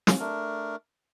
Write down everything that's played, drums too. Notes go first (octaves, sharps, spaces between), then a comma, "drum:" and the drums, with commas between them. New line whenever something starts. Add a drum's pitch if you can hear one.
drum: snare
A3 D4 A#4